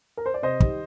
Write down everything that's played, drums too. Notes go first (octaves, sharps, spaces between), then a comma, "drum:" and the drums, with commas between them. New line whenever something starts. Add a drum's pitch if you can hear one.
A#4
C5
D5
C3 C5 D#5
D#3 G3, drum: kick